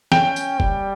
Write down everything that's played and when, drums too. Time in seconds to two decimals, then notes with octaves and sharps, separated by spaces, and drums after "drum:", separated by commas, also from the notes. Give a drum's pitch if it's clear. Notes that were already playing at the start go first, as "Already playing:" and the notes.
0.12 C#4 G5, drum: snare
0.36 drum: tambourine
0.60 G3, drum: kick F1